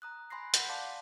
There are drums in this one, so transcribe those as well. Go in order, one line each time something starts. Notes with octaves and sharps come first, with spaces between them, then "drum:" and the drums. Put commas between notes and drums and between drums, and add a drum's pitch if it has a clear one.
A#5 D#6 F#6
G#5 B5 C6 F#6 A#6 C7
F#5 G6 B6, drum: hi-hat
D5 F5 A5 C6 D6